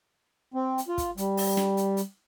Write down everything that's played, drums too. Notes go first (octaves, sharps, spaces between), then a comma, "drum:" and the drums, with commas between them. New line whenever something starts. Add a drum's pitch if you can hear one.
C4
drum: hi-hat
F4
drum: kick, hi-hat
G3, drum: hi-hat
drum: open hi-hat
drum: snare
drum: hi-hat
drum: hi-hat